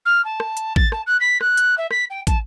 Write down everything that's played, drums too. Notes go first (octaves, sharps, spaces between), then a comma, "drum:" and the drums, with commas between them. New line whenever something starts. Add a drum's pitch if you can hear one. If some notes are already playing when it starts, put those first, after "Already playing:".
F6
A5
drum: rim click
drum: hi-hat
A6, drum: kick
A5, drum: rim click
F#6
B6
F#6, drum: rim click
drum: hi-hat
E5
B6, drum: rim click
G5
A5, drum: kick, hi-hat